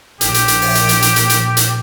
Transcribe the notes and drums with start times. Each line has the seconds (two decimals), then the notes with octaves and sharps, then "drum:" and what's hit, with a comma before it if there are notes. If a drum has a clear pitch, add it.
0.21 A#1 G4, drum: hi-hat
0.34 drum: hi-hat
0.48 drum: hi-hat
0.62 drum: open hi-hat
0.75 drum: hi-hat
0.89 drum: hi-hat
1.02 drum: hi-hat
1.16 drum: hi-hat
1.29 drum: hi-hat
1.57 drum: hi-hat